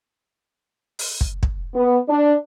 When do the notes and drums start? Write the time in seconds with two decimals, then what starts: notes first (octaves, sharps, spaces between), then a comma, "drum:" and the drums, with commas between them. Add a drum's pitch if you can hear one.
0.99 drum: open hi-hat
1.21 drum: kick
1.43 drum: kick
1.74 B3
2.09 D4